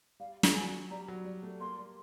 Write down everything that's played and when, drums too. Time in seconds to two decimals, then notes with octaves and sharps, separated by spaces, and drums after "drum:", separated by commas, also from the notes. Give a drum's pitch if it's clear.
0.20 G3 F5
0.43 drum: snare
0.55 F#3 G#5
0.90 G3 A#5
1.08 F#3
1.25 G3
1.43 A3
1.60 A#3 C6
1.78 G3